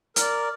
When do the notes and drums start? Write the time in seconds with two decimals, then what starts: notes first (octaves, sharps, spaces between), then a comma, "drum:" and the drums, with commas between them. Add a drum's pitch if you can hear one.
0.16 A#4 D5, drum: hi-hat